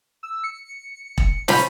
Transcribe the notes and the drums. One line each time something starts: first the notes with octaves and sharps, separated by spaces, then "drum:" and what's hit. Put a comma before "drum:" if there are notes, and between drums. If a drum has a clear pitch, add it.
E6
C#7
drum: kick E1
F3 C#4 F4 B5, drum: snare